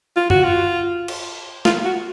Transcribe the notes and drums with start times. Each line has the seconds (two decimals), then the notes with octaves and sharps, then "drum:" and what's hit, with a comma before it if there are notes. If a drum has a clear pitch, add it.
0.16 F4
0.30 F#4, drum: tom F#2
0.44 F4
1.08 drum: cymbal
1.65 F4, drum: snare
1.85 F#4